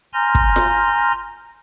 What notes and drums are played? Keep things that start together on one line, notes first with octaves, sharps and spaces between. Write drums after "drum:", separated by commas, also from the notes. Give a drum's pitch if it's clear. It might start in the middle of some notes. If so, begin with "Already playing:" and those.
G#5 A#5 C6 F6 G6 A#6
drum: kick
drum: snare F4